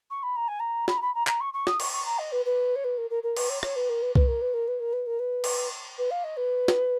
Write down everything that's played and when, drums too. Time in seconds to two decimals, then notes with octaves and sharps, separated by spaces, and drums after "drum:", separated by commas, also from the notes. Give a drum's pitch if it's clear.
0.10 C#6
0.23 B5
0.36 A#5
0.48 G#5
0.60 A#5
0.88 B5, drum: snare
0.97 A#5
1.01 B5
1.14 A#5
1.27 A#5, drum: clap
1.40 C#6
1.53 C#6
1.67 D#6, drum: snare
1.80 C#6, drum: cymbal
1.93 C#6
2.05 A#5
2.19 D#5
2.32 B4
2.45 B4
2.76 C#5
2.84 B4
2.98 A#4
3.10 A#4
3.23 A#4
3.36 B4, drum: cymbal
3.49 C#5
3.63 C#5, drum: rim click
3.76 B4
3.89 A#4
4.02 B4
4.15 B4, drum: kick C2
4.28 A#4
4.41 B4
4.54 A#4
4.68 B4
4.80 A#4
4.93 B4
5.06 A#4
5.19 B4
5.44 drum: cymbal
5.98 B4
6.11 F5
6.24 D#5
6.37 B4
6.68 drum: snare